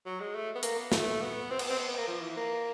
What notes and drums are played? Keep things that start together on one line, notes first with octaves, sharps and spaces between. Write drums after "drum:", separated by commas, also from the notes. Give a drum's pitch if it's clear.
F#3
G#3
A3
B3
A#3, drum: hi-hat
B3
A3, drum: snare
B3
C4
B3, drum: cymbal
C4
B3
B3
A#3
F3
E3
A#3